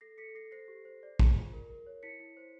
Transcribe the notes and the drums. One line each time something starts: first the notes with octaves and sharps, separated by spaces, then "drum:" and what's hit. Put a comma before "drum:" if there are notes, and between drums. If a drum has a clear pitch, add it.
A4 A#6 C7
A4 B6 C#7
A4 A#6 C7
C5 A#6 C7
G4
C5
D5
G#4, drum: kick
F4
A#4
A#4
C#5
E4 B6 C#7
E4
C5